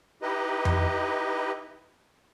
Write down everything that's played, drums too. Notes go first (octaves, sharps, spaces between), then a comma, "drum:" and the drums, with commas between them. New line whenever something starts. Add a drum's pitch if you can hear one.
D#4 E4 G4 B4 D#5
drum: tom F2